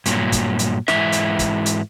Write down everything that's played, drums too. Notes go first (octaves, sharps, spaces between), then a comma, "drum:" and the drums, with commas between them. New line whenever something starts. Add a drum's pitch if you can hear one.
G2 A#2 F#3, drum: hi-hat
drum: kick, hi-hat
drum: hi-hat
G#2 D#3 E3 E5, drum: snare
drum: hi-hat
drum: kick, hi-hat
drum: hi-hat